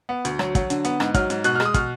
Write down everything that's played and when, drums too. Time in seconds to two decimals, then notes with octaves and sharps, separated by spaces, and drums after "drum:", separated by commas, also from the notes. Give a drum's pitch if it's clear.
0.09 B3
0.25 D2, drum: hi-hat
0.39 F#3, drum: rim click
0.55 F#3, drum: kick, hi-hat
0.70 D3, drum: hi-hat
0.85 B3, drum: hi-hat
1.00 G#2, drum: rim click
1.14 F#3 F6, drum: kick, hi-hat
1.30 G#2, drum: hi-hat
1.44 B2 F#6, drum: hi-hat
1.55 F6
1.60 G#3, drum: rim click
1.65 D#6
1.74 B2 F6, drum: kick, hi-hat